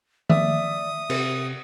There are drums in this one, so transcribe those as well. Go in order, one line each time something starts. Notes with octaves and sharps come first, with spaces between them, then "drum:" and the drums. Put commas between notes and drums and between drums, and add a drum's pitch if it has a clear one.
D5 E5 D#6, drum: tom D#3
C3, drum: cymbal